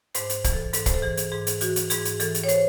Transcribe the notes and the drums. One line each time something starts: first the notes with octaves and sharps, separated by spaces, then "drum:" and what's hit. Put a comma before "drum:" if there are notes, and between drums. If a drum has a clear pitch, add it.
G#2 C5, drum: hi-hat
drum: hi-hat
E3, drum: kick, hi-hat
A4
G#2 A4, drum: hi-hat
C5, drum: kick, hi-hat
A4
E3 G#4
drum: hi-hat
G#2 G#4
drum: hi-hat
E3 F#4, drum: hi-hat
drum: hi-hat
G#2 G#4, drum: hi-hat
drum: hi-hat
E3 A4, drum: hi-hat
drum: hi-hat
C#5
C5, drum: hi-hat